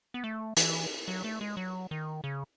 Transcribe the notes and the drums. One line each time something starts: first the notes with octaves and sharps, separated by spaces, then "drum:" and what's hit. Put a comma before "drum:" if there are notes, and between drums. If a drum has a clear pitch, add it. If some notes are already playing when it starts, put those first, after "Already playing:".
B3
A3
E3, drum: hi-hat
F#3
A3
G#3
F#3
D#3
C#3